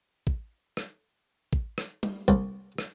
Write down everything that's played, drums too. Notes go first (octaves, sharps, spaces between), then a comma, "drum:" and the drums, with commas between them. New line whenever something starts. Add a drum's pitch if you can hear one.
drum: kick
drum: rim click
drum: kick
drum: rim click
drum: tom G3
C2, drum: kick
drum: rim click